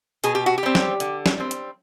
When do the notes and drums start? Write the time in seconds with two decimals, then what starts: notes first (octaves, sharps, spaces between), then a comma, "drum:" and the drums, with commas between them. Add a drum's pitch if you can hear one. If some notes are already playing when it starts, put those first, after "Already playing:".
0.24 B2 G#4, drum: hi-hat
0.35 G4
0.46 F#4
0.58 G4
0.63 G3 C4
0.75 drum: snare
1.00 D3, drum: hi-hat
1.26 drum: snare
1.38 G3 C4
1.51 drum: hi-hat